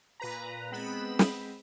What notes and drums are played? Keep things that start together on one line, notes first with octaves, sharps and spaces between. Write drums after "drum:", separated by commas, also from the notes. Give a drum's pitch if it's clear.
A#2 B4 A#5
G#3 B3 C4 B5 E7
drum: snare